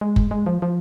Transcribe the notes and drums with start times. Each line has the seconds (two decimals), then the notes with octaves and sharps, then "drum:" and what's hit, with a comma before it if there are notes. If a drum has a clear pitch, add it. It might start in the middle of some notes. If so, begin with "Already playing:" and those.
0.01 G#3
0.16 drum: kick F#1
0.31 G#3
0.46 F3
0.62 F3